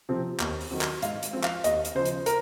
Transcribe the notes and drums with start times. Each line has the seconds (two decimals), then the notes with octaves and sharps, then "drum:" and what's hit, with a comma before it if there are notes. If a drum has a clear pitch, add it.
0.09 C3 F3 C4
0.40 D#2, drum: clap
0.61 drum: open hi-hat
0.71 D#3 F#3 C4
0.81 drum: clap
1.02 G#2 F5, drum: hi-hat
1.23 drum: hi-hat
1.33 F3 C4
1.43 F5, drum: clap
1.64 D#2 D#5, drum: hi-hat
1.85 drum: hi-hat
1.95 C#3 F3 C5
2.05 drum: hi-hat
2.26 A#4, drum: hi-hat